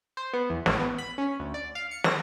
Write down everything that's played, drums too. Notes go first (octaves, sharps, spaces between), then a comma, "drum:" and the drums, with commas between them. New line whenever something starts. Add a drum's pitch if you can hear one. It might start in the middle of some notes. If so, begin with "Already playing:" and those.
C5
B3
E2
A1, drum: snare
B3
B5
C#4
D2
D5
F5
C#7
A#6, drum: snare